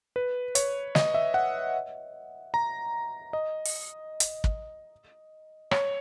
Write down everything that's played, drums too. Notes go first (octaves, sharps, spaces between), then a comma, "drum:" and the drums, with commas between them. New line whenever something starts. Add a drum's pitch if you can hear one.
B4
C#5, drum: hi-hat
D#5, drum: snare
E5
F#5
A#5
D#5
drum: open hi-hat
drum: hi-hat
drum: kick
C#5, drum: rim click